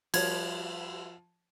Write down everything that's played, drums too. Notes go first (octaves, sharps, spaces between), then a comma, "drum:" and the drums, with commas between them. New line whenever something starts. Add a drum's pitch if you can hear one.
F3 G3 A#4 C#5 G#6, drum: cymbal